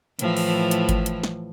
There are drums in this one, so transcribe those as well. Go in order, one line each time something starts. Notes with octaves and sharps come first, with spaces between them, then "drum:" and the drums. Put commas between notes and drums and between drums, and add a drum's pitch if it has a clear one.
A2 E3 F3, drum: hi-hat
drum: open hi-hat
drum: hi-hat
drum: kick G1, hi-hat
drum: hi-hat
drum: snare